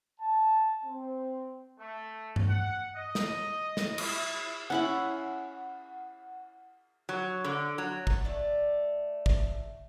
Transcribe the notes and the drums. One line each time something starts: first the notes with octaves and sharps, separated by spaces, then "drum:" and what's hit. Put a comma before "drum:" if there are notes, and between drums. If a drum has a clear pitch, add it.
A5
C4
A3
drum: tom G2
F#5
D#5
drum: snare
drum: snare
E4, drum: cymbal
C#4 E4 F#5 B5
F#3
D3
F#3
drum: kick G#1
A3 D5
drum: kick G#1